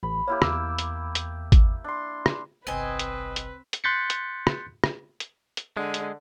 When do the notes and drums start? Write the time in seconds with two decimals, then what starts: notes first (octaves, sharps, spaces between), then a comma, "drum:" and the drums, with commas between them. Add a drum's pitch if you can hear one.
0.03 A1 B5
0.28 A#3 E4 G4 C#5
0.42 E2 D6 E6, drum: rim click
0.78 drum: hi-hat
1.15 drum: hi-hat
1.52 drum: kick, hi-hat
1.84 D4 C6
2.26 drum: rim click
2.67 G1 C2 C4 B4 D#5 G#5
2.99 drum: hi-hat
3.36 drum: hi-hat
3.73 drum: hi-hat
3.84 C6 F#6 G6 A6 B6 C#7
4.10 drum: hi-hat
4.47 drum: rim click
4.84 drum: rim click
5.20 drum: hi-hat
5.57 drum: hi-hat
5.77 D3 G#3
5.94 drum: hi-hat